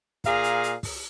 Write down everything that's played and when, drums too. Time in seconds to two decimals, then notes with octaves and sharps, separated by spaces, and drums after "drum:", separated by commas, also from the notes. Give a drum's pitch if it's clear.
0.24 A#2 G#4 F5 A#5, drum: kick, hi-hat
0.44 drum: hi-hat
0.63 drum: hi-hat
0.83 drum: kick, open hi-hat